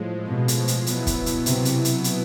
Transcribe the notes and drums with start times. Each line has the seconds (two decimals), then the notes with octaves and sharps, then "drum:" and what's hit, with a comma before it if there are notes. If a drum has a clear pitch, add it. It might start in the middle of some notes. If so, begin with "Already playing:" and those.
Already playing: A2 F3 G#3
0.29 B2
0.48 drum: hi-hat
0.68 drum: hi-hat
0.87 B2 F#3 B3 E4, drum: hi-hat
1.07 drum: kick, hi-hat
1.26 drum: hi-hat
1.46 C3, drum: hi-hat
1.65 drum: hi-hat
1.85 drum: hi-hat
2.04 drum: hi-hat